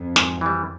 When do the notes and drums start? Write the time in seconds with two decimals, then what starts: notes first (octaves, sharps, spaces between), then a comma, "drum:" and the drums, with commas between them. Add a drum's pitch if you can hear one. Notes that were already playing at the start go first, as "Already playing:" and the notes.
Already playing: F2
0.16 G#2, drum: snare
0.41 E3 G3